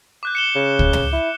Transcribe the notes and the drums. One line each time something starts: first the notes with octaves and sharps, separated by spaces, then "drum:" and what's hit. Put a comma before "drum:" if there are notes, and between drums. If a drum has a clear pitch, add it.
D6 F#6 G6
C#7 E7 G7
C#3
drum: kick
drum: tom C#2
E4